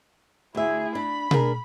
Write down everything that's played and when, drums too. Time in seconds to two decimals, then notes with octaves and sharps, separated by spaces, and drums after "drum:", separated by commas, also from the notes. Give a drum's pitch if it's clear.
0.55 D2 E4 G#4 E5
0.95 D4 B5
1.31 D4 G#4 A#4, drum: tom B2